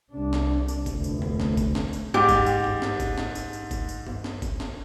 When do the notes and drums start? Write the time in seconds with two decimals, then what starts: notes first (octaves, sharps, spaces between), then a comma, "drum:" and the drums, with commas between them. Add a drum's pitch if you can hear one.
0.11 C2 D4
0.33 drum: snare
0.68 drum: tambourine
0.86 F1 D2, drum: kick, tambourine
1.04 drum: tambourine
1.22 drum: tom
1.40 drum: snare
1.57 drum: kick, tambourine
1.75 drum: snare
1.93 drum: tambourine
2.14 G#2 G4
2.29 drum: kick, tambourine
2.46 drum: tambourine
2.64 drum: tom G2
2.82 drum: snare
3.00 drum: kick, tambourine
3.18 drum: snare
3.35 drum: tambourine
3.53 drum: tambourine
3.71 drum: kick, tambourine
3.89 drum: tambourine
4.07 drum: tom G2
4.24 drum: snare
4.42 drum: kick, tambourine
4.60 drum: snare